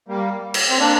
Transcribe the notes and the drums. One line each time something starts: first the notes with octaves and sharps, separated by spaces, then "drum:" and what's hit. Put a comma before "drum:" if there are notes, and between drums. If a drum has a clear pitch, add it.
G3 A#3
drum: cymbal
C4
A#3 D4